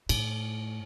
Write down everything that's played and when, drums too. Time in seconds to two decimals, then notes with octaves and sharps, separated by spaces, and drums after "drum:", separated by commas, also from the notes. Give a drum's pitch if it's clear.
0.09 A2, drum: cymbal